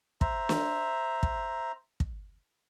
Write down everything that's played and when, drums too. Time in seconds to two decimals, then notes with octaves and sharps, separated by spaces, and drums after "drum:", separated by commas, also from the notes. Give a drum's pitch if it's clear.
0.21 C5 E5 A#5, drum: kick
0.49 drum: snare
1.23 drum: kick
2.00 drum: kick